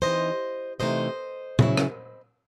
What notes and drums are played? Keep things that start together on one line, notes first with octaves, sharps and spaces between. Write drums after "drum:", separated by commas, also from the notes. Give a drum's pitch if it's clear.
C3 E3 A3 D#4 C5 D#5
C3 E3 A3 D#4 C5 D#5
C#3 F#3 C#4 E4, drum: tom A#2
drum: rim click